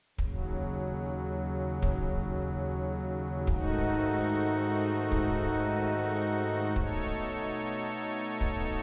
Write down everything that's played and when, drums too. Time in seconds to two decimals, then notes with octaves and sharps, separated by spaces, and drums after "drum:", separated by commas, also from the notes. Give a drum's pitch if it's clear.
0.18 D#2 C#3 F#3, drum: kick
1.82 drum: kick
3.47 G#2 D#3 A3 D#4 F#4, drum: kick
5.12 drum: kick
6.76 B2 A3 D#4 A4 C#5, drum: kick
8.41 drum: kick